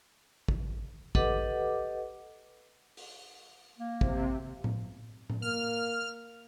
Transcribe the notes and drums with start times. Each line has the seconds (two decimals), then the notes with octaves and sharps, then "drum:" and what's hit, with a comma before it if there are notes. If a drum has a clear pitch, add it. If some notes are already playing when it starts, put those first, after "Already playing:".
0.48 drum: kick
1.15 G4 A4 B4 D#5 F#5 D6, drum: kick
2.97 drum: open hi-hat
3.78 A#3
4.01 C3, drum: kick
4.64 drum: tom A2
5.30 drum: tom A2
5.42 A#3 F6